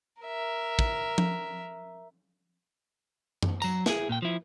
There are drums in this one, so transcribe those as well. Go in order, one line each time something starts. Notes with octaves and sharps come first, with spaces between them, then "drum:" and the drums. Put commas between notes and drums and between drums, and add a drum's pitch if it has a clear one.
A#4 E5
drum: kick
drum: tom
drum: tom F#2
F#3 A#5, drum: tambourine
E4 G#4, drum: snare
A#2 G5
F3 E4